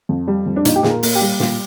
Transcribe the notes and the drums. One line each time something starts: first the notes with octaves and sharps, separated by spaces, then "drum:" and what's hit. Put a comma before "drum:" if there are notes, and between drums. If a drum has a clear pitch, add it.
F2
G3
F2
D4
A#2 D#4, drum: hi-hat
G4
A#2 G#4, drum: snare
A#4
A#3, drum: open hi-hat
G4
G3
A#2, drum: snare